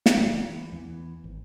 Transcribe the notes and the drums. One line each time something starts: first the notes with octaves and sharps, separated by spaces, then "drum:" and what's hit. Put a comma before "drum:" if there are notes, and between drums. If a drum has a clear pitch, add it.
drum: snare
F#2 D3 D#3 G3
E3
E2 E3 B3
G#1